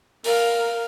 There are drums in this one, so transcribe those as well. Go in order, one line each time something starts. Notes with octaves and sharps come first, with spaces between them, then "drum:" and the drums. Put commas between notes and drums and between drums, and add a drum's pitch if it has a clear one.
A#4 F5, drum: open hi-hat